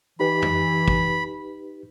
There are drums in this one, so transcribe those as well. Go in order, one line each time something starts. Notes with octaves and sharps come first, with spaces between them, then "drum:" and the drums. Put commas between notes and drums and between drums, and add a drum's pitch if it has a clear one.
E3 D#4 G4 B4 B5
drum: tom
drum: kick